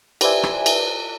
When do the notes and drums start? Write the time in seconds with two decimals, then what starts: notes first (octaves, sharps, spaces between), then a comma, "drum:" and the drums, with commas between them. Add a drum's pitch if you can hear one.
0.21 G4 B4 C5 D5 E5 G#5, drum: cymbal
0.43 drum: rim click
0.66 drum: cymbal